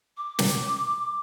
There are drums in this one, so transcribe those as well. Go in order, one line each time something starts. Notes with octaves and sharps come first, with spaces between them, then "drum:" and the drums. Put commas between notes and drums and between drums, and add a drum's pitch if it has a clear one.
D6
drum: snare